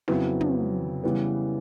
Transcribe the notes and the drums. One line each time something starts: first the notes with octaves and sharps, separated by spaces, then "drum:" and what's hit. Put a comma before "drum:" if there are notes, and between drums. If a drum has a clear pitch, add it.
F2 C#3 F#3 B3 E4, drum: snare
drum: tom
C#3 E3 G3 B3